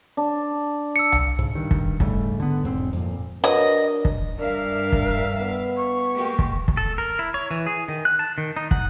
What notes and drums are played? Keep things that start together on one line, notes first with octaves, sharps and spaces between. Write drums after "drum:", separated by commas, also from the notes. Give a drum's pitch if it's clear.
D4
E6 C#7
drum: tom C2
G#2 C#3
G2 D#3
drum: kick
G#2 C#3 G3 A3, drum: kick
D3 B3
E1 G#2 C4
F2 A#2
F#3 D4 A#4 B4 C#5 D#5
drum: kick
G2 D4 A#4 E5 F5
drum: kick
B3
C#6
G#3 A#3 G4
drum: kick
drum: kick
A4
A#4
E4
C#5
E3
G#4
D#3
F#6
A5
D#3
D#4
F#5, drum: kick